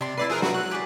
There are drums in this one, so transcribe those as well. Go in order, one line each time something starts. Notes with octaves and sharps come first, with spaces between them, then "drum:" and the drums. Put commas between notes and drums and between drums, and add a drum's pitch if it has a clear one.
C3 D4 C6
E4 B4 D5 C7
F3 C4 G#4 A#4 F#5
F#3 F#4 B4, drum: snare
F#4 F#6
G4 G#4 D5